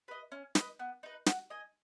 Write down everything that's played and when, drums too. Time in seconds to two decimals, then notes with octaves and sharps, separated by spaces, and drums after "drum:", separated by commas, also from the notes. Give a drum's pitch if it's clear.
0.08 B4 D#5
0.32 C#4
0.55 B4 D#5, drum: snare
0.79 B3
1.03 D#4 B4
1.26 F#4, drum: snare
1.50 D#5 G#5